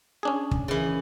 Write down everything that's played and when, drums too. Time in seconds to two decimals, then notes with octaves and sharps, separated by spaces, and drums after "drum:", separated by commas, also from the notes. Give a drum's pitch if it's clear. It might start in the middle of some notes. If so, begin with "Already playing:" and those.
0.23 C#4 D4 G#4
0.51 drum: kick
0.68 C#3 E3